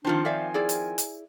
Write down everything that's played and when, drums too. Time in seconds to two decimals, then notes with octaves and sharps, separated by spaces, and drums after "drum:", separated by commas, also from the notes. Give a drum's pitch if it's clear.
0.05 D#3 F3 C4 D4 F4 C5
0.25 D5 E5 F5 G#5
0.54 E4 G#4 D5
0.69 drum: hi-hat
0.98 drum: hi-hat